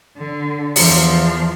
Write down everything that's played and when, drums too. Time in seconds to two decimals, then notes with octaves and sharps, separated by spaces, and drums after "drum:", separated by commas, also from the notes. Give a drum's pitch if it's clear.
0.18 D3
0.76 E2 F3, drum: open hi-hat